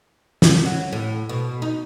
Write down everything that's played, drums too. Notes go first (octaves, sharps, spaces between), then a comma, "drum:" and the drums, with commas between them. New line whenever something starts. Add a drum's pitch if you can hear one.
drum: snare
F#3
A2
B2
D#4